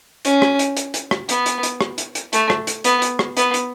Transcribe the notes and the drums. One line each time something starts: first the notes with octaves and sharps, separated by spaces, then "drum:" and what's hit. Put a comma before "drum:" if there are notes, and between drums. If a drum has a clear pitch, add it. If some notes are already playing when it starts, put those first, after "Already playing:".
C#4, drum: hi-hat
drum: rim click
drum: hi-hat
drum: hi-hat
drum: hi-hat
drum: rim click
B3, drum: hi-hat
drum: hi-hat
drum: hi-hat
drum: rim click
drum: hi-hat
drum: hi-hat
A3, drum: hi-hat
drum: rim click
drum: hi-hat
B3, drum: hi-hat
drum: hi-hat
drum: rim click
B3, drum: hi-hat
drum: hi-hat